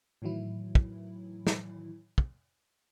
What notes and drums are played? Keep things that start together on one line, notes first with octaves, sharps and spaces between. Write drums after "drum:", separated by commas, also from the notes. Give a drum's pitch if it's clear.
A2 D#3 E3 F#3 E4
drum: kick
drum: snare
drum: kick